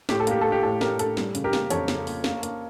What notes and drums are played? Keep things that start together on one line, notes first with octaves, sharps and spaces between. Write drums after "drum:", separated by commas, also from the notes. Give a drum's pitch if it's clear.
A2 G4, drum: snare
A4
A#3 G4, drum: hi-hat
A#3 A4
G4
A2 A4
A2 G4 A#4, drum: snare
A2 A4, drum: hi-hat
G3, drum: snare
C#3, drum: hi-hat
G4 A#4
A#3, drum: snare
F2 A4 C#5, drum: hi-hat
C#3, drum: snare
A#3, drum: open hi-hat
A#3, drum: snare
A#3, drum: hi-hat